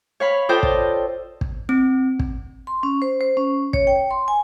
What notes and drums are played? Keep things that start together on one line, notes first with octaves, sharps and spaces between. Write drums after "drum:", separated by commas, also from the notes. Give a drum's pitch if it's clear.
C#5 F5 B5
F4 A4 C5 D5 D#5 G5
drum: kick
drum: kick
C4
drum: kick
C6
C#4
C5
C5
C#4
C#5, drum: kick
G5
C6
G#5